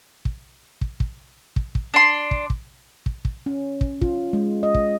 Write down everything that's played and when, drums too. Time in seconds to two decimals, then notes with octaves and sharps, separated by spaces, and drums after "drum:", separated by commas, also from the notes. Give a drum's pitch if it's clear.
0.25 drum: kick
0.81 drum: kick
1.00 drum: kick
1.56 drum: kick
1.75 drum: kick
1.94 D4 C6
2.31 drum: kick
2.50 drum: kick
3.06 drum: kick
3.25 drum: kick
3.46 C#4
3.81 drum: kick
4.01 F4, drum: kick
4.33 G#3
4.63 D#5
4.74 drum: kick